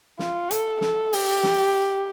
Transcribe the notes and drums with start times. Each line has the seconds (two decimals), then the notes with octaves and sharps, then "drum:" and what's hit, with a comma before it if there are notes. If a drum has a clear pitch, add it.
0.19 F4, drum: snare
0.51 A4, drum: hi-hat
0.81 A4, drum: snare
1.13 G4, drum: open hi-hat
1.43 drum: snare